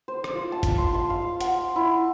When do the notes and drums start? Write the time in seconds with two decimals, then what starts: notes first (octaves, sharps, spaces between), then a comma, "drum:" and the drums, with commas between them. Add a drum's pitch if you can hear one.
0.08 C5
0.24 drum: rim click
0.35 F4
0.52 A5
0.63 drum: kick G1, hi-hat
0.78 C6
0.94 C6
1.10 F5
1.41 F#5, drum: hi-hat
1.76 E4